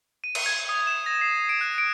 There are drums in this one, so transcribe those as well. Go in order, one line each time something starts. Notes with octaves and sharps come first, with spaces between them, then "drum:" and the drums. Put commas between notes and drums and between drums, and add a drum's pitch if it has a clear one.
D#7
drum: cymbal
G#6
D#6
E7
A#6
C7
D7
F#6
D7